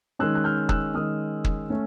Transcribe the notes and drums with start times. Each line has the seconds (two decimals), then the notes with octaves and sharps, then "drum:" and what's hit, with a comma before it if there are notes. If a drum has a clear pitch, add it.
0.19 D#3 G#3 C#4 E6 F#6
0.35 F#6
0.44 F6 G6
0.69 E6 F#6, drum: kick
0.94 D#3 G#3 C#4 D#6 F6
1.45 drum: kick
1.70 A3 C#4